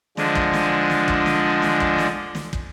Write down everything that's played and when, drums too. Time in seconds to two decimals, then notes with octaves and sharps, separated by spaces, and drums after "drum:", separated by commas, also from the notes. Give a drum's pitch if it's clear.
0.17 D3 F3 G#3 D4, drum: snare
0.35 drum: kick
0.53 drum: snare
0.90 drum: snare
1.08 drum: kick
1.26 drum: snare
1.62 drum: snare
1.80 drum: kick
1.98 drum: snare
2.35 drum: snare
2.53 drum: kick